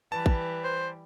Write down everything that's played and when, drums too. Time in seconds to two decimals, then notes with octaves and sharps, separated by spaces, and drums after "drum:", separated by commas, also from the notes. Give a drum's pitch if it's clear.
0.12 E3 G3 B4 A5
0.26 drum: kick A1
0.64 C5